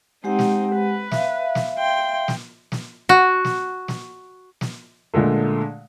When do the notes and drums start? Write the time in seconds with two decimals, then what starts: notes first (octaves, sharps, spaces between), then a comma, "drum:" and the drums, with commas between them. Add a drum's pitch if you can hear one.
0.24 G#3 C4 D#4 G4 F#5
0.39 drum: snare
0.75 B4
1.11 E5 F5, drum: snare
1.55 drum: snare
1.78 G5 C6
2.28 drum: snare
2.72 drum: snare
3.09 F#4
3.45 drum: snare
3.88 drum: snare
4.61 drum: snare
5.14 A#2 D3 G#3 A3